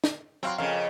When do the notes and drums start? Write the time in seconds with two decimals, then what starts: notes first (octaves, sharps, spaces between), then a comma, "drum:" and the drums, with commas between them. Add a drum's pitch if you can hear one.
0.04 drum: snare
0.43 F#3 C4 F5 C6
0.58 F2 C#3 A#4 F5